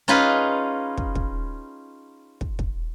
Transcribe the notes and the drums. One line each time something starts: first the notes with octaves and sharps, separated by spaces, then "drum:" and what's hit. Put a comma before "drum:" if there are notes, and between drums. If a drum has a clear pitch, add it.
C#4 D#4 F4 G#4 B4
drum: kick
drum: kick
drum: kick
drum: kick